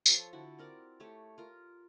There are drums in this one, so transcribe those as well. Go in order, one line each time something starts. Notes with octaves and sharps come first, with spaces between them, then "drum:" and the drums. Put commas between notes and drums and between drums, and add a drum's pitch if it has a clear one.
F3 A4 C#5, drum: tambourine
D3 E4 F#4
C4 A#4 D5
A3 G4 C#5
F4 A#4